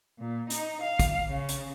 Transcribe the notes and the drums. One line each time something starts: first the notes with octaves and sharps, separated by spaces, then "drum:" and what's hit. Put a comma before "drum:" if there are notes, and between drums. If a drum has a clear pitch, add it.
A#2
D#4, drum: hi-hat
F5
drum: kick, hi-hat
C#3
drum: hi-hat